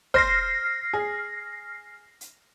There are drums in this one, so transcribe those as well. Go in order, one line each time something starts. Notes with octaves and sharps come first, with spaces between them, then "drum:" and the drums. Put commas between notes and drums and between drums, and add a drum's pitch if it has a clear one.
C5 C6 F6 A#6 C7, drum: kick
G#4
drum: hi-hat